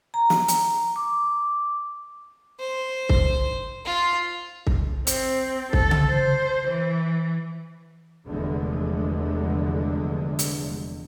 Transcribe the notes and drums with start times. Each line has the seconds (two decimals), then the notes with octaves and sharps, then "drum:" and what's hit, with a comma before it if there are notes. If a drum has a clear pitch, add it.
0.14 A#5
0.30 drum: snare
0.48 drum: hi-hat
0.96 D6
2.59 C5
3.09 drum: kick C2
3.85 F4
4.67 drum: kick C2
5.07 C4, drum: hi-hat
5.73 A4, drum: kick C2
5.91 drum: tom C#3
6.09 C5
6.69 E3
8.26 F1 E2 D3 G#3
10.39 drum: hi-hat